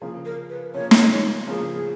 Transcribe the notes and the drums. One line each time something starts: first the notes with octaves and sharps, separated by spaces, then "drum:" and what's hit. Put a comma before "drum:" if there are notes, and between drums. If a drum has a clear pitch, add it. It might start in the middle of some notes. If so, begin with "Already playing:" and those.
C#3 F3 A#3 G#4
A#4
B4
C#3 F3 A#3 C#5
drum: snare
C#5
C#3 F3 A#3 G#4